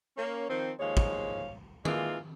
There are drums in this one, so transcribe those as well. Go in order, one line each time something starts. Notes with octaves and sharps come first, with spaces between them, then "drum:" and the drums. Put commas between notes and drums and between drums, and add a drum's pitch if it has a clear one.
A#3 C#4
D#3 F3 C4
D#2 F3 G#3 C#5 F5
drum: kick
D#3 E3 G#3 A#3 F4, drum: tom D#3